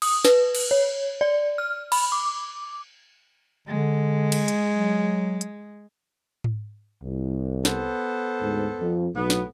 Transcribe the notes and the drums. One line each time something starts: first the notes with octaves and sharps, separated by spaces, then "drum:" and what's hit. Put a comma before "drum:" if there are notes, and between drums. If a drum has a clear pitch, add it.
D#6, drum: cymbal
B4, drum: snare
drum: cymbal
C#5
D5
F6
B5, drum: cymbal
D6
D3 G#3
drum: cymbal
drum: hi-hat
F#3
drum: hi-hat
drum: tom G#2
C2
B3 A4 C5, drum: snare
D2 G#2
F2
B1 A2 B3
drum: snare